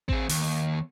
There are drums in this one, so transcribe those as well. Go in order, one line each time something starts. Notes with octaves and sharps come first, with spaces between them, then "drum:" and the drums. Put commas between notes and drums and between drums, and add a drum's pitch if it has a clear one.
C4 G#4, drum: kick A1
D#2, drum: open hi-hat